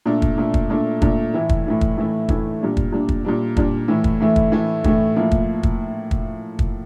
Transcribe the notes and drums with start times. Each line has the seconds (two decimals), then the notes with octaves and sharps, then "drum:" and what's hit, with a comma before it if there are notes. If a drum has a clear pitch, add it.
0.06 A#2 A3 D4
0.22 drum: kick
0.38 A#2 A3 D4
0.54 drum: kick
0.70 A#2 A3 D4
1.02 A#2 A3 D4, drum: kick
1.34 A2 E3 A3 E4
1.49 drum: kick
1.66 A2 E3 A3 E4
1.81 drum: kick
1.97 A2 E3 A3 E4
2.29 A2 E3 A3 E4, drum: kick
2.61 A#2 G3 D4
2.77 drum: kick
2.92 A#2 G3 D4
3.09 drum: kick
3.25 A#2 G3 D4
3.57 A#2 G3 D4, drum: kick
3.88 A2 E3 A3
4.04 drum: kick
4.20 A2 E3 A3
4.36 drum: kick
4.52 A2 E3 A3
4.84 A2 E3 A3, drum: kick
5.16 A2 F3 A#3 E4
5.31 drum: kick
5.63 drum: kick
6.11 drum: kick
6.59 drum: kick